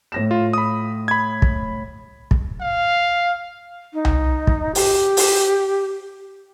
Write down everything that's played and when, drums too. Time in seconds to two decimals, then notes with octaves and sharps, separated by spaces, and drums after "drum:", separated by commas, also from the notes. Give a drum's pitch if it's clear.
0.12 A2 A#6 E7
0.31 F4
0.53 B5 D#6
1.08 B5 G#6
1.42 drum: kick
2.31 drum: kick
2.61 F5
3.94 D#4
4.05 drum: tom C2
4.47 drum: kick
4.75 G4, drum: open hi-hat
5.17 drum: open hi-hat